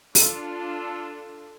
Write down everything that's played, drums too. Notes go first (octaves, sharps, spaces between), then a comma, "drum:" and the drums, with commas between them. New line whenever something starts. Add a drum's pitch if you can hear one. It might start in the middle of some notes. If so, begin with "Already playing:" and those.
D4 F4 A4, drum: open hi-hat